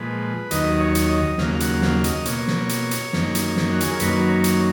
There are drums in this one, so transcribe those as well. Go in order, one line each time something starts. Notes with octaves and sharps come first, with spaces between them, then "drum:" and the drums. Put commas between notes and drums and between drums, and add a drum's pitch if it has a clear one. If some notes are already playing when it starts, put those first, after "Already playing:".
Already playing: A#2 F3 G#3 B4
D#2 D#3 F#3 D#5, drum: hi-hat
D#5
C#5
drum: hi-hat
D#5
D#2 C#3 F#3 A#3 F5, drum: snare
F5
F#5, drum: hi-hat
F5, drum: snare
D#5, drum: hi-hat
B2 A#3 C#5, drum: hi-hat
drum: snare
drum: hi-hat
drum: hi-hat
F#2 D#3 A#3, drum: snare
drum: hi-hat
drum: snare
F#4
G#4, drum: hi-hat
A#4
F#2 D#3 F#3 A#3 B4, drum: hi-hat
C#5
drum: hi-hat